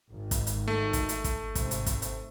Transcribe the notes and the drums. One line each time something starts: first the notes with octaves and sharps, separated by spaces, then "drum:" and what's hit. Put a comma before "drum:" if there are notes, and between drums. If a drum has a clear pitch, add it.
G#1 G#2 D#3
drum: kick, hi-hat
drum: hi-hat
A3
drum: kick, hi-hat
drum: hi-hat
drum: kick, hi-hat
G#2 C3 C4, drum: kick, hi-hat
drum: hi-hat
drum: kick, hi-hat
drum: hi-hat